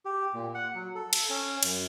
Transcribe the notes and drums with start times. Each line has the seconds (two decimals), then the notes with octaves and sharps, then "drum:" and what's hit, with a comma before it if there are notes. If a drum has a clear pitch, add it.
0.05 G4
0.34 A#2
0.54 F#5
0.75 F#3
0.95 A4
1.13 drum: cymbal
1.30 C#4
1.63 F#2, drum: cymbal